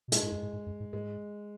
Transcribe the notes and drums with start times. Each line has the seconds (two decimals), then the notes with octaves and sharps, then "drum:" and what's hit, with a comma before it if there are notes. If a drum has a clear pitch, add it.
0.08 B2
0.12 A#2 G#3, drum: hi-hat
0.23 G#2
0.32 F#2
0.43 G#2
0.53 G#2
0.66 F#2
0.80 G#2
0.93 G#2 G#3